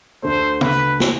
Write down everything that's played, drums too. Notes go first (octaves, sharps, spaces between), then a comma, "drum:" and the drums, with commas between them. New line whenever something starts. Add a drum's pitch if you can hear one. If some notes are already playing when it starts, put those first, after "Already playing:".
D2 D3 A3 C5
B4, drum: tom
E3, drum: snare